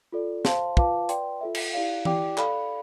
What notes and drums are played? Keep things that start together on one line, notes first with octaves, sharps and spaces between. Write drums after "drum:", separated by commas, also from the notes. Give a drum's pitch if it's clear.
F4 A4 D5
C5 F5 A5 C6, drum: snare
F4 B4 F5 A5 D6, drum: kick
B4 D5 G5 C6, drum: hi-hat
F4 A4 E5
drum: cymbal
E4 G4 D5 F5
E4 G4 D5 G5 D6, drum: tom E3
A4 D5 F5 B5, drum: clap